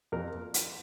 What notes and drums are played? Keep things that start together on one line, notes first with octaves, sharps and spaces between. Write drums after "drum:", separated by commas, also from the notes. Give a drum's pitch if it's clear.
F2 A#4
drum: hi-hat